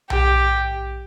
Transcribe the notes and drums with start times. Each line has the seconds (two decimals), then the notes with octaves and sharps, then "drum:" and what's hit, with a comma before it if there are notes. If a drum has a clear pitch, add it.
0.10 G4, drum: tom B1